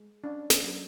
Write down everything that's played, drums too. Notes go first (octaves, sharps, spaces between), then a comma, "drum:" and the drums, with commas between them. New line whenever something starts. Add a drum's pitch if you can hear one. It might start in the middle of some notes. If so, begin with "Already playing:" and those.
Already playing: G#3
C#4 D4
C#4, drum: snare
F#3